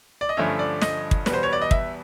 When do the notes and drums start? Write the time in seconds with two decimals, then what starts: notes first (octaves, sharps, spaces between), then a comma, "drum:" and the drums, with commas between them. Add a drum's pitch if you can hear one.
0.21 D5
0.29 D#5
0.37 G2 D3 F3 A3 C#4 E5
0.59 D5
0.81 D#5, drum: snare
1.11 drum: kick
1.26 E2 B2 G3 B3, drum: snare
1.33 C5
1.43 C#5
1.53 D5
1.62 D#5
1.71 E5, drum: kick